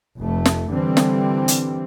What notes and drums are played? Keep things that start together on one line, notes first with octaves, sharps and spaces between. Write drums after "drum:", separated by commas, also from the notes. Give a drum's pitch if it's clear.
F1 F2 A3
drum: snare
D3 E3 G3 C4
drum: snare
drum: hi-hat